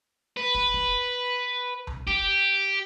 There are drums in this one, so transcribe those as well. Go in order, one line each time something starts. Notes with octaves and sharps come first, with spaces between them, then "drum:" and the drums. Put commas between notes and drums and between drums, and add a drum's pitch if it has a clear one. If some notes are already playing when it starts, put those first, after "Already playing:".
B4
drum: kick
drum: kick
drum: tom C2
G4, drum: kick